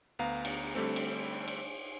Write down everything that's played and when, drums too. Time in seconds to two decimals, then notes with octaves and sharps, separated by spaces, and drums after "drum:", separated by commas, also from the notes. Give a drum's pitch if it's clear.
0.19 D2 B3 F5 A#5
0.45 drum: cymbal
0.75 D3 G3 A3 C4
0.96 drum: cymbal
1.48 drum: cymbal